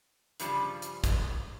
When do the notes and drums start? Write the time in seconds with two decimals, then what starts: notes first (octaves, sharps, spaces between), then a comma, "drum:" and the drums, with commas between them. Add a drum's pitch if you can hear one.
0.40 G2 C#3 F3 G3, drum: hi-hat
0.82 drum: hi-hat
1.04 drum: kick, hi-hat